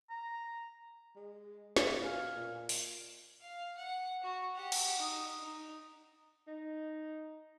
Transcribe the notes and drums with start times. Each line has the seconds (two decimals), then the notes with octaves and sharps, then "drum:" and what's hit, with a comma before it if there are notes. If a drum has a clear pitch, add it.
0.10 A#5
1.16 G#3
1.76 drum: snare
1.87 B2
2.02 F5 G#5 F6
2.34 A#2
2.69 drum: open hi-hat
3.41 F5
3.77 F#5
4.23 F#4
4.55 G4 F#5
4.72 drum: cymbal
4.98 D#4 D#6
5.39 D#4
6.47 D#4